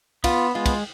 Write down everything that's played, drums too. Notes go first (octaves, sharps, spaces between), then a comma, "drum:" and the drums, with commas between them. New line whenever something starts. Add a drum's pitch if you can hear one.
B3 F4, drum: kick, cymbal
G#3 F4
drum: kick, cymbal